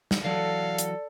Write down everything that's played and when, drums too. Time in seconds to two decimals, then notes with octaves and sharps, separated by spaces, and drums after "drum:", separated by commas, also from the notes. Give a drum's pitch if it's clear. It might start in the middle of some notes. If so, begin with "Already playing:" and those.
0.11 drum: snare
0.24 E3 F#3 F#4 A4 D5 F5
0.78 drum: hi-hat